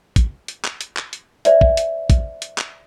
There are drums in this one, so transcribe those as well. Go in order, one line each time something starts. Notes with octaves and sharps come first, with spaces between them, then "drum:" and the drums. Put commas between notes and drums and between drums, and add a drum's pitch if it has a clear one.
drum: kick, hi-hat
drum: hi-hat
drum: clap
drum: hi-hat
drum: clap
drum: hi-hat
C5 D5 E5, drum: hi-hat
drum: kick
drum: hi-hat
drum: kick, hi-hat
drum: hi-hat
drum: clap